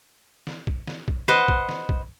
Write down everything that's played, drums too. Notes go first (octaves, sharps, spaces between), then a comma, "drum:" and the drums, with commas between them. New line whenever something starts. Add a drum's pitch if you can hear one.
drum: snare
drum: kick B1
drum: snare
drum: kick B1
B4 C5 D#5 F#5, drum: snare
drum: kick B1
drum: snare
drum: kick B1